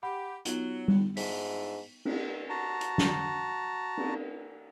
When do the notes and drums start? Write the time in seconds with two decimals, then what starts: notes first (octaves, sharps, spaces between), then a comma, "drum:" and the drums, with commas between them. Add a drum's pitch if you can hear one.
0.03 G4 F#5 B5
0.45 F#3 B3 D#4 F4 F#7 G7, drum: hi-hat
0.88 drum: tom G3
1.17 G#2 D4 E4 F4 B6, drum: open hi-hat
2.05 drum: cymbal
2.49 F#4 A5 A#5
2.81 drum: hi-hat
2.98 drum: snare
3.97 drum: cymbal